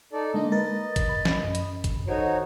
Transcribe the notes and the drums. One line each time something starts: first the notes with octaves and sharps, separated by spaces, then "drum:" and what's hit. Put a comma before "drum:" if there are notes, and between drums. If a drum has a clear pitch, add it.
D#4 A4 D5
D3 G#3 A#3 D#4 D#5
A#4 B4 A6
drum: kick, hi-hat
B5
drum: snare
F#2
drum: hi-hat
drum: kick, hi-hat
D#3 D#4 F#4 A4 C5 C#5